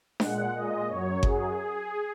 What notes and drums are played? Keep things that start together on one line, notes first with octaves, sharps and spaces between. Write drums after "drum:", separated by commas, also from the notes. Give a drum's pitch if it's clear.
A#2 G#3 F#5, drum: snare D4
A#2 G#3 D#5
F#2 F#3 C#5
F#2 F#3 G#4, drum: kick G1